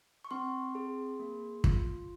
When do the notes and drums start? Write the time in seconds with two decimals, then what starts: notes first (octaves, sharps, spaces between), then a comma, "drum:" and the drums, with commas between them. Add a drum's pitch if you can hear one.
0.25 C#6
0.31 C4 C6
0.75 G#4
1.19 A#3
1.64 F4, drum: kick